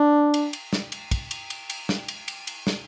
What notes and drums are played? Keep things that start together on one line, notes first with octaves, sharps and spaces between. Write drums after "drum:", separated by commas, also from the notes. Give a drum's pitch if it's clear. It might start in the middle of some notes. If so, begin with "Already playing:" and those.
Already playing: D4
drum: cymbal
drum: cymbal
drum: snare
drum: cymbal
drum: kick, cymbal
drum: cymbal
drum: cymbal
drum: cymbal
drum: snare
drum: cymbal
drum: cymbal
drum: cymbal
drum: snare